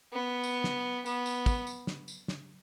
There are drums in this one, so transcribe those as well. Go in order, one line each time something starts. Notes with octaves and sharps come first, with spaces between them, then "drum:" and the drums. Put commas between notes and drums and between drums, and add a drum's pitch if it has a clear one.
B3
drum: tambourine
drum: snare
B3, drum: tambourine
drum: tambourine
drum: kick, tambourine
drum: tambourine
drum: snare
drum: tambourine
drum: snare